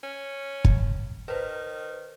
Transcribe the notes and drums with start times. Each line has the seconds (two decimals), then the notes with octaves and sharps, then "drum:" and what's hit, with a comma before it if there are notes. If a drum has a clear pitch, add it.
0.03 C#4
0.65 drum: kick
1.28 D#3 B4 C5